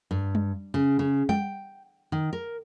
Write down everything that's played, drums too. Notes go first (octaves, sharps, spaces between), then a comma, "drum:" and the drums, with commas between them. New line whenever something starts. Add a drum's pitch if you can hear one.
G2
drum: tom G3
C#3
C#3
G5, drum: tom G3
D#3
A#4